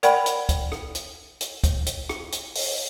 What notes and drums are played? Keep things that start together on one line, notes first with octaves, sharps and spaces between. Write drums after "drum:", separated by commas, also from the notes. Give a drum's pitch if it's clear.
A#4 D5 F#5 G5 B5, drum: hi-hat
drum: hi-hat
drum: kick, hi-hat
drum: rim click
drum: hi-hat
drum: hi-hat
drum: kick, hi-hat
drum: hi-hat
drum: rim click
drum: hi-hat
drum: open hi-hat